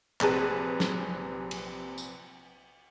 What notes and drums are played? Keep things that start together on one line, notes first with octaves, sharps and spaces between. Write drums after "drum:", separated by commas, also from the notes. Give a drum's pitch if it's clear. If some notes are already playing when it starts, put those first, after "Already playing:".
A#1 C3 G#4 B4 A5, drum: clap
drum: snare
drum: cymbal
drum: tambourine